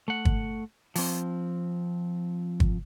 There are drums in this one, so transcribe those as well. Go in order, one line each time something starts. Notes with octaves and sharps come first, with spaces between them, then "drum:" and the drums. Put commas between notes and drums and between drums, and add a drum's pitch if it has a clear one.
A3 F#5
drum: kick
F3 C4, drum: open hi-hat
drum: kick